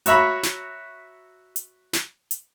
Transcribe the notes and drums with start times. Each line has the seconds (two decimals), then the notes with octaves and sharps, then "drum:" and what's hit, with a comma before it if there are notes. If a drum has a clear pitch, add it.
0.06 F#4 C#5 E5 A#5 B5, drum: hi-hat
0.43 drum: snare
1.56 drum: hi-hat
1.93 drum: snare
2.31 drum: hi-hat